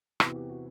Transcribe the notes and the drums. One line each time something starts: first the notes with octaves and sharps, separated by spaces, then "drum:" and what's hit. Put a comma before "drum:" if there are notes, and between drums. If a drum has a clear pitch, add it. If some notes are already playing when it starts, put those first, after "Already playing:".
E2 C3 E3 B3 F#4, drum: rim click
G4
F#4